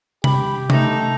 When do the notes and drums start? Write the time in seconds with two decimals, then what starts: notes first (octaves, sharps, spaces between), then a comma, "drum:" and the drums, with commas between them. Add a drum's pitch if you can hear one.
0.24 G4 B5, drum: tom C3
0.70 A3 D#4 A4 A#5 G6, drum: tom C3